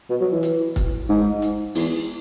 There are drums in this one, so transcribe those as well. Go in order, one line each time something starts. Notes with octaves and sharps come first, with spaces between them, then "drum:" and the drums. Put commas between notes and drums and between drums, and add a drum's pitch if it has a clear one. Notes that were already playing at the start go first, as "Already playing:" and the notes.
B2
F#3
E3
drum: hi-hat
drum: kick, hi-hat
G#2
drum: hi-hat
E2, drum: open hi-hat